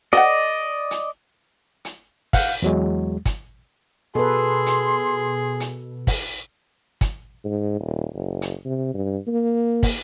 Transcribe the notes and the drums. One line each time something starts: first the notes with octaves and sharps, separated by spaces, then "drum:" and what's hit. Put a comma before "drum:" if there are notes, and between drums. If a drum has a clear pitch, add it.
A4 C5 D5 D#5 F#5
drum: hi-hat
drum: hi-hat
F5 F#5 G6, drum: kick, open hi-hat
E2 F#3 G#3
drum: kick, hi-hat
B2 G#4 A4 B4 C6
drum: hi-hat
drum: hi-hat
drum: kick, open hi-hat
drum: kick, hi-hat
G#2
D#1
F#1
drum: hi-hat
C3
G2
A#3
drum: kick, open hi-hat